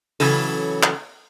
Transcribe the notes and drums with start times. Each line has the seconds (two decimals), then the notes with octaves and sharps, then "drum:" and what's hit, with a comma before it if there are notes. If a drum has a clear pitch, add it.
0.20 C#3 E3 F#3 A4, drum: open hi-hat
0.83 drum: clap